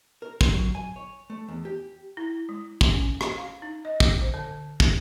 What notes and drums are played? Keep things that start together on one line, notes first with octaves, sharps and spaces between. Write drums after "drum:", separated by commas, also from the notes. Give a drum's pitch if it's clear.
A#4
A#4, drum: kick
F#3
G#5
C#5
A3
E2
G4
E4
G#3
drum: kick
C#4
drum: rim click
F5
D#4
D#5
drum: kick
C5
D3
drum: kick